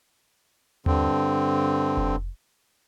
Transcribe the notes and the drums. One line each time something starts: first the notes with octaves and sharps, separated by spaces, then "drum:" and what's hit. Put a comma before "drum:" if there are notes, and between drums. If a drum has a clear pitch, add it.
G2 D3 C4, drum: tom D#2
drum: kick F1